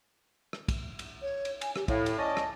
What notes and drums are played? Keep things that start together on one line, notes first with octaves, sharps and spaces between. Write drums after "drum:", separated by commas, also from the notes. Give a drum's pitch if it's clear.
drum: rim click
drum: kick, cymbal
drum: cymbal
C#5
drum: cymbal
G#5, drum: cymbal
G4, drum: rim click
A2 F5, drum: kick, cymbal
drum: cymbal
C#4 D5 D#5 A5
drum: rim click